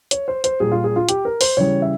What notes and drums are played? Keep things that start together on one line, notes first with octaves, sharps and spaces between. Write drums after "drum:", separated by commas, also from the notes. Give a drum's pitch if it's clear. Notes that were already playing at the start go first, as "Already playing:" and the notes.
C#5, drum: hi-hat
C5
C5, drum: hi-hat
A#2 G3 G#4
F4
G#4
F4
G4, drum: hi-hat
A#4
C5, drum: open hi-hat
C#3 E3 G3 C#5
E5